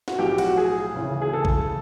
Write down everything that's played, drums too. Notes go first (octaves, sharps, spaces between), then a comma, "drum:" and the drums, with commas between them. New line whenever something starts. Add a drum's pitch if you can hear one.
F#4, drum: snare
B1 A2 F3 G4
F#4, drum: cymbal
G#4
D2 C#3 E3
G#4
A4
drum: kick A1